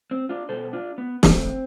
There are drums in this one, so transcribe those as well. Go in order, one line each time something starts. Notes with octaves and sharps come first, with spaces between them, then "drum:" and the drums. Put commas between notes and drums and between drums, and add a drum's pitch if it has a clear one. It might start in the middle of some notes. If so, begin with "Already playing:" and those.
C4
D4 F4
B2 G3 B3 A4 C5
D4 F4
B3
F2 D3 A3 C4, drum: snare